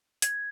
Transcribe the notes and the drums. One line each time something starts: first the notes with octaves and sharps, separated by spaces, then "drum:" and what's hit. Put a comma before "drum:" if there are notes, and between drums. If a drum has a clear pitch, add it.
G#6, drum: hi-hat